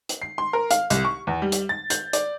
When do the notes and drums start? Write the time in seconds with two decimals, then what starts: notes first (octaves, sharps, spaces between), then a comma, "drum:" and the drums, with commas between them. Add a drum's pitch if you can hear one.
0.09 drum: hi-hat
0.22 C7
0.38 C6
0.53 A#4
0.71 F5, drum: hi-hat
0.90 C2, drum: hi-hat
1.05 C#6
1.27 E2
1.42 G3
1.52 drum: hi-hat
1.69 A6
1.90 G6, drum: hi-hat
2.13 D5, drum: hi-hat